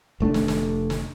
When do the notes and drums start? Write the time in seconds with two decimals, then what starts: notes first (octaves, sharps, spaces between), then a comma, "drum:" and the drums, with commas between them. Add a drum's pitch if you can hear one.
0.20 F1 A3 C#4 D4
0.34 drum: snare
0.48 drum: snare
0.90 drum: snare